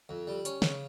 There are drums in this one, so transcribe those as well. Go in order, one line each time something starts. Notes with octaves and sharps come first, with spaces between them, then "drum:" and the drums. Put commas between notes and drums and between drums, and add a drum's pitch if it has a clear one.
F2
G3
C#4, drum: hi-hat
C#3, drum: snare